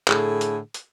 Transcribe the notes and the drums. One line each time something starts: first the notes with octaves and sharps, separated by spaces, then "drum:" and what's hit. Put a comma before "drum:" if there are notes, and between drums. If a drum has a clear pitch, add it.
A2 D3 G#4, drum: clap
drum: hi-hat
drum: hi-hat